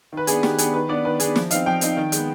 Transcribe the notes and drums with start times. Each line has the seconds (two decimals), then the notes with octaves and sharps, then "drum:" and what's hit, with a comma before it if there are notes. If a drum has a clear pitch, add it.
0.12 D#3 B4
0.27 B3 D4 G#4, drum: hi-hat
0.43 D#3 G4, drum: snare
0.58 B3 D4 G#4, drum: hi-hat
0.73 D#3 B4
0.89 B3 D4 D5
1.05 D#3 B4
1.20 B3 D4 G#4, drum: hi-hat
1.36 F3, drum: snare
1.51 C4 D#4 F5, drum: hi-hat
1.66 F3 G5
1.81 C4 D#4, drum: hi-hat
1.97 D#3
2.12 G#3 B3, drum: hi-hat